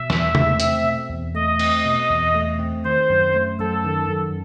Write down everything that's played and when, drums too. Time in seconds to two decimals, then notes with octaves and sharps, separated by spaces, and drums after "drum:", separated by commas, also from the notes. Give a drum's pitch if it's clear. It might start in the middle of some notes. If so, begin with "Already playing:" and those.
Already playing: B2 E5
0.10 E2, drum: snare
0.35 A3, drum: tom C3
0.60 C4, drum: hi-hat
0.84 B2
1.09 E2
1.35 A3 D#5
1.59 C4, drum: cymbal
1.85 B2
2.10 E2
2.35 A3
2.59 C4
2.84 D#3 C5
3.10 F#2
3.34 A3
3.59 F#2 A4
3.85 D#3
4.09 F#2